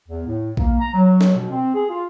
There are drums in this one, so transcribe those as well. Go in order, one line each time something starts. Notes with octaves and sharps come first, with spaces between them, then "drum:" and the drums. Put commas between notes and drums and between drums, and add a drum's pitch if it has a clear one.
E2
A2
A#3, drum: kick A#1
A#5
F#3
drum: snare
B2
C4
G#4
F4